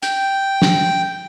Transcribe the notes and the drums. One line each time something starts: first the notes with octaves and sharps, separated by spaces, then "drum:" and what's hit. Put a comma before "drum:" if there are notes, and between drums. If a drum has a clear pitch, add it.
G5, drum: hi-hat
drum: snare